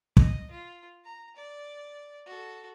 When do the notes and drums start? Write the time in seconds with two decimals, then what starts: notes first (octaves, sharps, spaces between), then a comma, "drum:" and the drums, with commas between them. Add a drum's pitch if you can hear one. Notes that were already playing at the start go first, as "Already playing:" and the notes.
0.17 D#5, drum: kick
0.51 F4
1.04 A#5
1.36 D5
2.26 F#4 A4